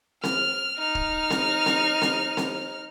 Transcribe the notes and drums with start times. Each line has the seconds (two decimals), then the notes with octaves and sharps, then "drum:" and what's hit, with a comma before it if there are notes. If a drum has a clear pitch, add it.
0.24 F6, drum: snare C4
0.77 D#4 F6
0.95 drum: kick
1.30 drum: snare C4
1.66 drum: snare C4
2.02 drum: snare C4
2.37 drum: snare C4